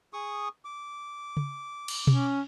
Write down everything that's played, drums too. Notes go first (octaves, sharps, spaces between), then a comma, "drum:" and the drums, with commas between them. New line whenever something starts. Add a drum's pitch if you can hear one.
G#4 C#6 D#6
D6
drum: tom C#3
drum: cymbal
C#4, drum: tom B2